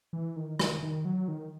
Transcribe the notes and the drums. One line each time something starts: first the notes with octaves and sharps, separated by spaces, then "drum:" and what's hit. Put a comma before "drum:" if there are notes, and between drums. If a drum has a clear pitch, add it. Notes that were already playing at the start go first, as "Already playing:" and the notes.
E3
D#3
D#3, drum: rim click
D#3
F#3
D#3